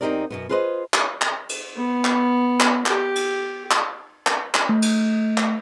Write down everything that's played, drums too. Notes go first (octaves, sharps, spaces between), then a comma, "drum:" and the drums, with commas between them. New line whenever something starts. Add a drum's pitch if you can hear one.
E2 C4 D#4 G4 A#4 D5
F#2 B2 B3
F4 G#4 B4 C5 D#5
drum: clap
drum: clap
drum: cymbal
B3
drum: clap
drum: clap
G4, drum: clap
drum: cymbal
drum: clap
drum: clap
drum: clap
A3
drum: cymbal
drum: clap